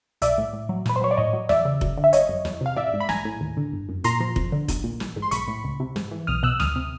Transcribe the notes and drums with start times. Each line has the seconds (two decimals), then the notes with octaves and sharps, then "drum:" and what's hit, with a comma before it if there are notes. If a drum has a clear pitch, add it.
0.22 B1 D5 E5, drum: hi-hat
0.38 A2
0.53 A2
0.69 F#3
0.86 A#2 B4, drum: snare
0.96 C5
1.01 F#3 C#5
1.11 D5
1.17 A2 C#5 D#5
1.33 F#3
1.49 E2 D5 E5, drum: snare
1.65 C#3
1.81 F#2, drum: kick F1
1.98 D3
2.04 E5
2.13 G1 C#5 D#5, drum: hi-hat
2.29 F#2
2.45 E2, drum: snare
2.61 C3 F5
2.76 A1 D5 E5
2.93 G#2
3.00 B5
3.09 A#1 G#5 A#5, drum: snare
3.25 A2
3.41 D#2
3.57 D3
3.72 G1
3.89 F#2
4.04 A#2 A#5 C6, drum: hi-hat
4.20 F3
4.36 F2, drum: kick F1
4.52 D3
4.68 B1, drum: kick F1, hi-hat
4.84 A#2
5.00 A1, drum: snare
5.16 G#2
5.22 C6
5.31 B1 B5 C#6, drum: hi-hat
5.48 A2
5.64 C#2
5.80 C3
5.96 G#2, drum: snare
6.11 E3
6.27 B1 D#6 F6
6.43 B2 E6 F#6
6.60 D2 D#6 F6, drum: snare
6.75 C3